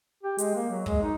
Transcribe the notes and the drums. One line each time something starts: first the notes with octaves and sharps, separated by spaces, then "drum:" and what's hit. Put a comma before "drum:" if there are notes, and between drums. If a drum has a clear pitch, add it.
G4
G#3, drum: hi-hat
A#3
F#3
G#3, drum: kick
D#4